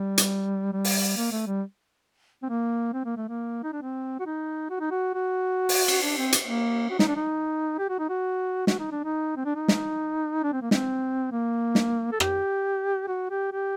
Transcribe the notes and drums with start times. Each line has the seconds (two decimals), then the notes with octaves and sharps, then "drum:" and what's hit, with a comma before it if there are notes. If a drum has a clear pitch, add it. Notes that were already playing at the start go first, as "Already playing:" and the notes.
Already playing: G3
0.18 drum: hi-hat
0.73 G3
0.84 drum: open hi-hat
1.17 A#3
1.32 A3
1.47 G3
2.43 C4
2.50 A#3
2.93 C4
3.05 A#3
3.17 A3
3.28 A#3
3.63 D#4
3.73 D4
3.82 C4
4.19 F#4
4.26 D#4
4.70 F#4
4.80 D#4
4.91 F#4
5.14 F#4
5.69 drum: open hi-hat
5.88 drum: cymbal
6.02 D4
6.18 C4
6.32 drum: hi-hat
6.46 A#3
6.91 F#4
6.99 D#4, drum: snare
7.08 D4
7.16 D#4
7.79 G4
7.89 F#4
7.99 D#4
8.10 F#4
8.67 F#4, drum: snare
8.79 D#4
8.92 D4
9.04 D#4
9.37 C4
9.46 D4
9.56 D#4
9.68 drum: snare
10.44 D4
10.53 C4
10.62 A#3
10.71 C4, drum: snare
11.32 A#3
11.75 drum: snare
12.12 A4
12.20 G4, drum: rim click
13.08 F#4
13.31 G4
13.53 G4